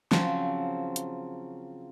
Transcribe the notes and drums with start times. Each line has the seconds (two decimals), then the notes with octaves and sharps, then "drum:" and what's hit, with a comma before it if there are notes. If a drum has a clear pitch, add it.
0.12 C#3 F3 F#3 C4, drum: snare
0.96 drum: hi-hat